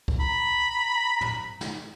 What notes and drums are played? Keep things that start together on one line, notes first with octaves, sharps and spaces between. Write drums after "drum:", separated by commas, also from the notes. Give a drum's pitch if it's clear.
drum: kick C2
A#5 B5
drum: tom
drum: snare